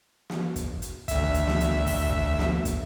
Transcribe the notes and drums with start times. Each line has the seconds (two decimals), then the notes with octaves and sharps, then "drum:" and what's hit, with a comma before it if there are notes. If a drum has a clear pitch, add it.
0.30 drum: snare
0.56 drum: kick, hi-hat
0.82 drum: hi-hat
1.08 D2 E5, drum: kick, hi-hat
1.34 drum: hi-hat
1.47 drum: snare
1.60 drum: hi-hat
1.87 drum: kick, open hi-hat
2.13 drum: kick
2.39 drum: snare
2.65 drum: kick, hi-hat